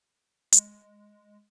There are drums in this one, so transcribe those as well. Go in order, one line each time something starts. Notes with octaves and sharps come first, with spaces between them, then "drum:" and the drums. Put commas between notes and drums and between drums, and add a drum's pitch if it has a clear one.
G#3, drum: hi-hat